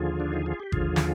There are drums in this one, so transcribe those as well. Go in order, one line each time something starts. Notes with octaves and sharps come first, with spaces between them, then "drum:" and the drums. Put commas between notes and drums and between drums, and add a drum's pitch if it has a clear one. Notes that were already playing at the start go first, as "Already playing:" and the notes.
Already playing: D#2 D3 F3 F4 G#4
D4
D#4
F4
G4
D#2 D3 F3 F4 G#4, drum: kick G#1
drum: snare